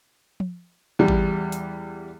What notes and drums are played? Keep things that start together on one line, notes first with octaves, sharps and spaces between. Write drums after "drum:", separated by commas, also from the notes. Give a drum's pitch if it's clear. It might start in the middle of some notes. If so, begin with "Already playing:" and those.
drum: tom F3
E2 G3
drum: kick G#1
drum: hi-hat